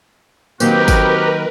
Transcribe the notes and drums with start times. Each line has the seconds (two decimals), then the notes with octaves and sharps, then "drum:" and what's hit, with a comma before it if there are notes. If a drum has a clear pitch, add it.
0.60 D#3 F#3 A#3 C4 F#4 G4 A#4 B4, drum: tambourine
0.88 drum: kick, tambourine